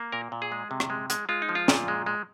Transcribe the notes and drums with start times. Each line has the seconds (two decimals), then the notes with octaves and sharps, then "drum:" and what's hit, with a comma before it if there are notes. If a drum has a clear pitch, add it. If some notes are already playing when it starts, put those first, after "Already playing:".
Already playing: A#3
0.12 A#2 A#4
0.32 A#2
0.42 G#4
0.52 G#3
0.71 C3
0.80 drum: rim click
0.90 G#3
1.10 G#3, drum: hi-hat
1.29 G#3 F4
1.42 D#4
1.49 F3
1.55 F4
1.68 A#2, drum: snare
1.88 G#3
2.06 G#3